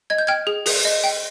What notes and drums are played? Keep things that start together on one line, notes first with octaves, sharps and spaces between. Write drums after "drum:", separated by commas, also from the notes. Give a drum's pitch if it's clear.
D#5 G#6
G6
G5 F6 G#6
G#4
G#4, drum: open hi-hat
D#5
G5